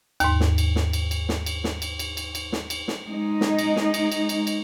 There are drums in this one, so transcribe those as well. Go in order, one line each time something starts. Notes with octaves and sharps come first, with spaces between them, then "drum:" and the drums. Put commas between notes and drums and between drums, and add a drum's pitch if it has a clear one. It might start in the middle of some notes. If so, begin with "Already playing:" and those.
D#2 G#2, drum: cymbal
drum: snare
drum: cymbal
drum: snare
drum: cymbal
drum: cymbal
drum: snare
drum: cymbal
drum: snare
drum: cymbal
drum: cymbal
drum: cymbal
drum: cymbal
drum: snare
drum: cymbal
drum: snare
G#3 D#4
drum: snare
drum: cymbal
drum: snare
drum: cymbal
drum: cymbal
drum: cymbal
drum: cymbal